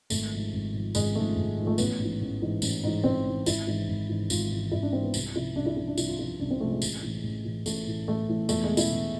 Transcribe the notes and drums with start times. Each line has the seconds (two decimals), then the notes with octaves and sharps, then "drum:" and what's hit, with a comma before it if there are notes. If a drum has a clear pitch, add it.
0.10 G#1 A3, drum: tambourine
0.32 G#2 F3
0.53 G#1
0.73 G#2 F3
0.95 G#1 G#3, drum: tambourine
1.16 G#2 F3 A3
1.36 G#1
1.57 G#2 F3
1.67 A3
1.78 A1 B3, drum: tambourine
1.99 G#2
2.04 E3
2.21 A1
2.42 G#2 E3
2.62 A1, drum: tambourine
2.84 G#2 E3
3.04 A1 C4
3.25 G#2 E3
3.46 G#1 E4, drum: tambourine
3.67 G#2 E3
3.88 G#1
4.09 G#2 E3
4.30 G#1 F4, drum: tambourine
4.51 G#2 E3
4.72 G#1 E4
4.83 D4
4.93 G#2 E3 C4
5.03 B3
5.14 C2, drum: tambourine
5.35 C3 F3 E4
5.56 C2 D4
5.66 E4
5.76 C3 F3 E4
5.88 D4
5.98 C2 E4, drum: tambourine
6.09 F4
6.19 C3 F3 E4
6.40 C2 D4
6.51 C4
6.61 C3 F3 A3
6.71 G#3
6.82 A1, drum: tambourine
7.03 A2 E3
7.23 A1
7.45 A2 E3
7.66 A1 A3, drum: tambourine
7.87 A2 E3
8.08 A1 A3
8.29 A2 E3
8.49 E2 A3, drum: tambourine
8.64 G#3
8.71 B2
8.77 E4, drum: tambourine
8.92 E2